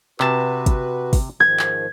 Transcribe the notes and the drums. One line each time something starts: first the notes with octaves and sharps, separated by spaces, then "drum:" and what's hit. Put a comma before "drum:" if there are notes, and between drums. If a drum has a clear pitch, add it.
C3 F#4 B4 A5, drum: clap
drum: kick, hi-hat
drum: kick, open hi-hat
G#2 D#3 F3 G#6
drum: clap